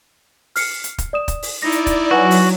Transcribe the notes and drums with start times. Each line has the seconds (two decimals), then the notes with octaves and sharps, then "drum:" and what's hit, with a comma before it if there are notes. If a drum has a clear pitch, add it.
0.56 F6 C7 C#7, drum: open hi-hat
0.84 drum: hi-hat
0.98 drum: kick, hi-hat
1.13 D5 D#6 E7
1.28 drum: kick, hi-hat
1.43 drum: open hi-hat
1.62 D#4 E4 D5 A#6
1.72 drum: hi-hat
1.87 drum: kick, hi-hat
2.11 F#3 F#4 B4 F#5 G#5
2.31 drum: open hi-hat